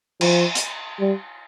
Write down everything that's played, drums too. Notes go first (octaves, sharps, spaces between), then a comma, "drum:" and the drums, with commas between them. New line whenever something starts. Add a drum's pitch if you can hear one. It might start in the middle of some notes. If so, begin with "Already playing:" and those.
F3, drum: cymbal
drum: hi-hat
G3